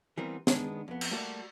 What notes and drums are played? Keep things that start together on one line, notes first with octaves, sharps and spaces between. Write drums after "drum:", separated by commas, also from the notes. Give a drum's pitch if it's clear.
E3 G3 B3 C4 A#4
D#3 G#3 B3 D4, drum: snare
F2 B3
drum: cymbal
G3 A3 A#3 F#4 D5